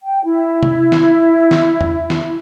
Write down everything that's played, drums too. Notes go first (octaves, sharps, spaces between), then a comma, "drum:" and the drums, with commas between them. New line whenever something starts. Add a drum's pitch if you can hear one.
G5
E4
drum: tom C3
drum: snare
drum: snare
drum: tom E2
drum: snare